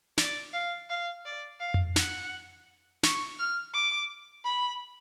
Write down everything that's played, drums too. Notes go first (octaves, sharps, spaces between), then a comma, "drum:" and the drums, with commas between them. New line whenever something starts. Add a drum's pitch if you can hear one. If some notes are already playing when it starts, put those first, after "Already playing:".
D5, drum: snare
F5
F5
D5
F5
drum: tom F2
F#5, drum: snare
C#6, drum: snare
F6
D6
B5